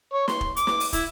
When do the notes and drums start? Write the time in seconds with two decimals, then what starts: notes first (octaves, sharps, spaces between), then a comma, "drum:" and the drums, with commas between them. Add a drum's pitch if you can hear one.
0.14 C#5
0.28 C6, drum: snare
0.41 drum: kick
0.56 D6, drum: hi-hat
0.67 drum: snare
0.80 drum: open hi-hat
0.93 E4, drum: kick, hi-hat